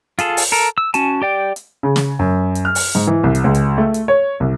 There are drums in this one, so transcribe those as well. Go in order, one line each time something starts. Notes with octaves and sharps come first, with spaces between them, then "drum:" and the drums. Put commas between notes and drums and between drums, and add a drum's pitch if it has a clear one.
F4 G#4 A4, drum: hi-hat
drum: open hi-hat
A4 A#4
E6
C#4 F#4 G#5 A5, drum: hi-hat
G4 D5 G5
drum: hi-hat
C#3
drum: snare
F#2
drum: hi-hat
F6
drum: open hi-hat
G#2
E3
C2
drum: hi-hat
C#2
drum: hi-hat
A3
drum: hi-hat
C#5
C2